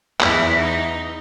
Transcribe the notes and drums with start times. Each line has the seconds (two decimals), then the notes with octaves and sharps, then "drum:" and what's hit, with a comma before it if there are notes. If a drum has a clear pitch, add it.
0.21 E2 E4, drum: clap
0.60 D#4